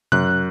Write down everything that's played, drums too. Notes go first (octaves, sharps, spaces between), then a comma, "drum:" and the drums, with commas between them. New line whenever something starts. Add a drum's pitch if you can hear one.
F#2 F#6, drum: tom C3